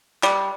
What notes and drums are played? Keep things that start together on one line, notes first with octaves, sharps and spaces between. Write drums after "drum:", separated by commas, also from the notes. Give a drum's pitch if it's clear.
G3, drum: clap